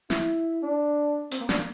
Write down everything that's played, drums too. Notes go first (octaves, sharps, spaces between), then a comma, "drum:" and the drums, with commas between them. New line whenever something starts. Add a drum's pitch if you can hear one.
E4, drum: snare
D4
C4, drum: hi-hat
A#3
D4, drum: snare
A#3